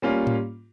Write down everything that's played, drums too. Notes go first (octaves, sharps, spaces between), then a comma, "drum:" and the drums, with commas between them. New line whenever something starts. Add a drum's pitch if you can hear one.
G3 A#3 C#4 F4
drum: tom A2